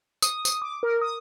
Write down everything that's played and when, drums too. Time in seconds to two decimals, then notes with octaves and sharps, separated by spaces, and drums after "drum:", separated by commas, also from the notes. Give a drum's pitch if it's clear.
0.22 D#6, drum: tambourine
0.45 D#6, drum: tambourine
0.62 D6
0.83 A#4
1.01 D#6